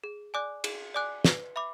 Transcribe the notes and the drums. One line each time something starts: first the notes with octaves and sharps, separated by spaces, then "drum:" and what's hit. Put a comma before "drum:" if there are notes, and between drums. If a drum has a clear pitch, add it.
G#4
D5 G#5 D6 F#6
G#4, drum: cymbal
D5 G#5 D6 F#6
B4, drum: snare
E5 B5 D6